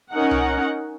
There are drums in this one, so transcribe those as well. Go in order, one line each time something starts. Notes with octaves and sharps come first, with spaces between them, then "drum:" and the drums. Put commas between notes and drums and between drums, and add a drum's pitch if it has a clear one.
C#4 D#4 A#4 F#5
drum: tom C2